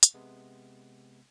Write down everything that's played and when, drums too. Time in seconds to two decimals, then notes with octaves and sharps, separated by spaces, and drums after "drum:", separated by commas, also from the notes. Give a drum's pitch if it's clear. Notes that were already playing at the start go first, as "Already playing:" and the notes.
0.03 drum: hi-hat
0.14 C3 G#3 B3